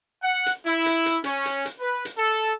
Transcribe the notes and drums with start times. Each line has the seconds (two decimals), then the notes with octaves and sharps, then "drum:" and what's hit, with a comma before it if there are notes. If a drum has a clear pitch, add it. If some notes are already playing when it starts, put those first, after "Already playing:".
0.23 F#5
0.46 drum: hi-hat
0.66 E4
0.86 drum: hi-hat
1.06 drum: hi-hat
1.24 C#4, drum: hi-hat
1.46 drum: hi-hat
1.65 drum: hi-hat
1.80 B4
2.05 drum: hi-hat
2.18 A4